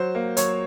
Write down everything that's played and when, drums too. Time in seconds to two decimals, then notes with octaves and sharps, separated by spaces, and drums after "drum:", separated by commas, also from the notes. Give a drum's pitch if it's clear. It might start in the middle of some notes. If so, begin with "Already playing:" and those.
Already playing: F#3 C5
0.15 A#3
0.37 F#3 C#5, drum: hi-hat